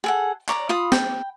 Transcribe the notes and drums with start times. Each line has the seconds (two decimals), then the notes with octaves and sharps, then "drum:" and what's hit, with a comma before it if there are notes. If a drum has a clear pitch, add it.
0.04 G#4 A4 F#5
0.49 C#5 D5 A#5, drum: clap
0.69 F4 B5 D#6
0.92 G5, drum: snare